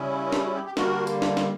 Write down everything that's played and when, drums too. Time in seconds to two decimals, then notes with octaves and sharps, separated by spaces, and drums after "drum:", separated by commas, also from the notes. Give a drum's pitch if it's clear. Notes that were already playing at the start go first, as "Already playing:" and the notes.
Already playing: C#3 G3 C#4 E4
0.27 A#4
0.32 G4, drum: snare
0.43 F#4
0.55 G4
0.66 G4
0.77 D3 G3 A#3 F#4 A#4, drum: snare
1.07 drum: hi-hat
1.22 drum: snare
1.37 drum: snare